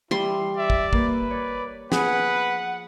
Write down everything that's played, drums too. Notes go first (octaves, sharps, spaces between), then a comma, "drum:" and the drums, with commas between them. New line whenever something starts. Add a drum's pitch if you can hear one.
E3 G3 E4 C6
D5 E5
drum: kick
A#3 B4, drum: kick
C#5 D5
F3 B3 G#4 B4 F#5, drum: snare